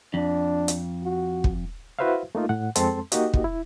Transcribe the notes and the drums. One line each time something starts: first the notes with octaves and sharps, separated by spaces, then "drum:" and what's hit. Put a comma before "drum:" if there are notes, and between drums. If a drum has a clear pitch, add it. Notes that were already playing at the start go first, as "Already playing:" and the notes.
F2 D4
drum: hi-hat
F#4
drum: kick
E4 F#4 B4 C5 E5 F5
A3 A#3 D#4 F4
A2 F#5
F2 G#3 C4 A4 A5 C6, drum: hi-hat
A#3 D#4 F#4 G4 D#5, drum: hi-hat
drum: kick
E4